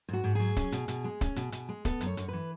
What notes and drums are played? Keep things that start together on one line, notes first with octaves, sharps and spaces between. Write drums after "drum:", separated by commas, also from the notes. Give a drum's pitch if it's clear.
G#2 F#4
G#2
F#3 G#4
C#4, drum: kick, hi-hat
B2, drum: hi-hat
B2, drum: hi-hat
G#3
C#4, drum: kick, hi-hat
B2, drum: hi-hat
B2, drum: hi-hat
G#3
B3 A4, drum: kick, hi-hat
F#2, drum: hi-hat
C#5
F#2, drum: hi-hat
E3 B4